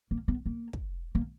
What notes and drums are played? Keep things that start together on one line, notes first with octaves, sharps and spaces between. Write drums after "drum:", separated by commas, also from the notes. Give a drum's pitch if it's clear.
A#3
B3
A#3
drum: kick
A#3